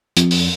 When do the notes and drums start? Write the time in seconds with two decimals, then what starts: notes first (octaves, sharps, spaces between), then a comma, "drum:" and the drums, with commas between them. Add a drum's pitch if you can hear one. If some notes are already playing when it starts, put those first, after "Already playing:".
0.17 F2, drum: hi-hat
0.31 drum: open hi-hat